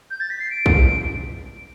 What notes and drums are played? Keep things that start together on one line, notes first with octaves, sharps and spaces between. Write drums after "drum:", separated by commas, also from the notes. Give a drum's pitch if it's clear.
G6
A6
B6
C7
D7
drum: kick A#1